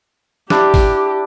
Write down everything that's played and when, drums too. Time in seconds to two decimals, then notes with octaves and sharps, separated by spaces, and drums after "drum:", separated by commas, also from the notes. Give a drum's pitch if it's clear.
0.50 D4 E4 G4, drum: snare
0.74 drum: kick G#1, open hi-hat